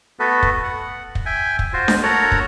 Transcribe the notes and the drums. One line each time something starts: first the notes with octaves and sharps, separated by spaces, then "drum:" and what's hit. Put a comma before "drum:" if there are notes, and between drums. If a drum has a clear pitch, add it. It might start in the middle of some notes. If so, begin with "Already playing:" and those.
A3 B3 F#4 A4 B4
drum: kick
F#5
drum: kick
E5 G5 G#5
drum: kick
F4 F#4 C5
drum: snare D4
F#4 A4 A#4 C#5 F#5 A#5
drum: kick